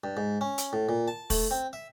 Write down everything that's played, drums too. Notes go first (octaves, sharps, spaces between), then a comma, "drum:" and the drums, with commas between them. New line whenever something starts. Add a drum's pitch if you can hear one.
G2
G#2
C#4
drum: hi-hat
A2
A#2
A5
A3, drum: kick, open hi-hat
C4
E5